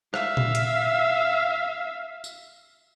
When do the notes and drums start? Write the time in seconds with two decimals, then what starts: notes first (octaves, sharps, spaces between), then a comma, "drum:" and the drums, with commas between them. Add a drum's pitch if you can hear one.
0.14 E5 F5, drum: rim click
0.37 drum: tom A#2
0.55 drum: hi-hat
2.24 drum: tambourine